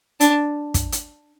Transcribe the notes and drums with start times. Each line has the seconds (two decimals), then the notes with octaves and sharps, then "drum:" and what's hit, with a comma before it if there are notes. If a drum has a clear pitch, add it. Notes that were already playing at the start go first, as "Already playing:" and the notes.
0.20 D4, drum: hi-hat
0.74 drum: kick, hi-hat
0.92 drum: hi-hat